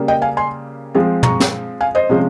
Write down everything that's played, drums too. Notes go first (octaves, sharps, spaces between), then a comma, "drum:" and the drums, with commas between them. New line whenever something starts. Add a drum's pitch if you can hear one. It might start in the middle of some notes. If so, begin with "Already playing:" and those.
Already playing: C#3 G3 A#3
D#5 G5
F5 G#5
G#5 C6
F3 G#3 C4
A#5 C#6, drum: tom
drum: snare
F5 G#5
C5 D#5
C3 F3 G#3 C#4